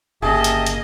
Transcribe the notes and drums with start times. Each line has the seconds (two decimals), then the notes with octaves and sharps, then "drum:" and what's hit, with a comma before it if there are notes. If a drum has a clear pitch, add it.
0.22 G1 C#3 A#3 G4 G#4 D#5 E5 A5
0.44 drum: hi-hat
0.67 drum: hi-hat